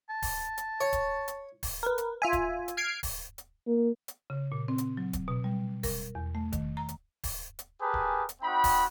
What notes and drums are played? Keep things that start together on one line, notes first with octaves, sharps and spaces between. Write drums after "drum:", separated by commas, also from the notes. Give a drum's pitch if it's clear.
A5
drum: kick D1, open hi-hat
drum: hi-hat
C#5
drum: kick D1, hi-hat
drum: hi-hat
drum: kick D1, open hi-hat
A#4 B4
drum: hi-hat
F4 E5 G#5
drum: kick D1, hi-hat
drum: hi-hat
F6 G#6 C7 D7
drum: kick D1, open hi-hat
drum: hi-hat
A#3
drum: hi-hat
C#3
A#2
C4
drum: hi-hat
F#3
drum: kick D1, hi-hat
B2
G3
A#4, drum: kick D1, open hi-hat
E2
A3
D#3, drum: kick D1, hi-hat
A#5
drum: hi-hat
drum: kick D1, open hi-hat
drum: hi-hat
G4 G#4 A#4 B4 G#5 A5
drum: kick D1
drum: hi-hat
C4 D#4 F#4 G5 B5
drum: kick D1, open hi-hat